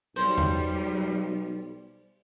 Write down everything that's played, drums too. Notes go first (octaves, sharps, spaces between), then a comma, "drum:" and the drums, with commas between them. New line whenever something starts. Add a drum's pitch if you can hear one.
B1 G3 C5, drum: open hi-hat
drum: tom E2